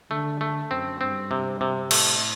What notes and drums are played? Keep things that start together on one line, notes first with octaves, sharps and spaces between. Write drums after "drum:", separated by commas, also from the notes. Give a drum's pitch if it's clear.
D3 A3
A3
F#2 C4
G2 C4
C3
C3
A2 A3, drum: cymbal